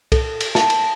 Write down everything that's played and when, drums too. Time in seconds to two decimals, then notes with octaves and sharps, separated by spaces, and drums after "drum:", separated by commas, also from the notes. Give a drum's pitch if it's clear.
0.12 A4, drum: kick C2, cymbal
0.40 drum: cymbal
0.55 A5, drum: snare
0.70 drum: cymbal